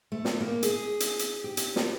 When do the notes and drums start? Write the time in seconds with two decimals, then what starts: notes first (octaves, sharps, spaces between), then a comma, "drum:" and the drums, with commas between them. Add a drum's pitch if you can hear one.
0.12 A3
0.25 drum: snare
0.41 A#3
0.63 G#4, drum: hi-hat
1.00 drum: hi-hat
1.19 drum: hi-hat
1.44 G4
1.57 drum: hi-hat
1.76 drum: snare